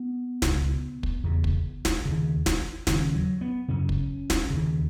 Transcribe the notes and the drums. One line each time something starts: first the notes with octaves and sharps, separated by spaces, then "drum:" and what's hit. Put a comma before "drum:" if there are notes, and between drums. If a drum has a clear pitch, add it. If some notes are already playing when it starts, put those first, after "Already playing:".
Already playing: B3
C#2 B2, drum: snare
drum: kick
E2 C#3
drum: kick
drum: snare
D#2 C#3
drum: snare
D#2 C#3 C#4, drum: snare
F#3
B3
F#2 C#3 C#4
drum: kick
drum: snare
D#2 C#3